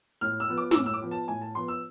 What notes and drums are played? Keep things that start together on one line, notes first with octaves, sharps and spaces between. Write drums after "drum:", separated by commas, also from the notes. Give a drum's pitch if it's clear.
A2 F6
E6
F3 B3
D6
E6, drum: snare
A2 D6
E6
D6
F3 B3
A5
A2 G#5
A5
F3 B3 C6
E6